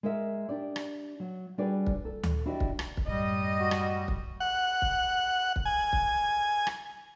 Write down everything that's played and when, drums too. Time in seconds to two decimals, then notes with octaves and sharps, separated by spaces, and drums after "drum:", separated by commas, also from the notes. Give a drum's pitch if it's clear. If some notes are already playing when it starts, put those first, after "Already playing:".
0.03 G#3 A#4 E5
0.49 D4 G4 D5
0.76 drum: rim click
1.20 F#3
1.58 G3 D4 F#4 G#4 B4 D5
1.87 drum: kick
2.05 A4
2.23 drum: tom D2
2.46 D4 E4 F#4 G4 D5 D#5
2.60 drum: kick
2.79 drum: rim click
2.97 drum: kick
3.07 F#2 A2 G3 D#5
3.60 F#4
3.71 drum: rim click
4.08 drum: kick
4.40 F#5
4.82 drum: kick
5.56 drum: kick
5.65 G#5
5.93 drum: kick
6.67 drum: rim click